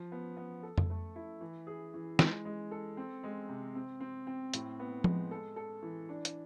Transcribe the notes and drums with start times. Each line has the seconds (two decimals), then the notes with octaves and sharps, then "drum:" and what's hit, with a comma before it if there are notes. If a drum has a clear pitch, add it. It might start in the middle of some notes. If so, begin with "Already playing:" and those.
Already playing: F3
0.12 B3
0.37 B3
0.63 A4
0.78 drum: tom F2
0.90 A3
1.16 E4
1.41 E3
1.67 G#4
1.94 E3
2.19 G#3, drum: snare
2.45 G#3
2.71 A4
2.97 C4
3.23 G#3
3.49 C3
3.75 C4
4.00 C4
4.27 C4
4.54 A2, drum: hi-hat
4.80 B3
5.04 G#3, drum: tom F3
5.31 A4
5.56 A4
5.82 E3
6.09 D4
6.25 drum: hi-hat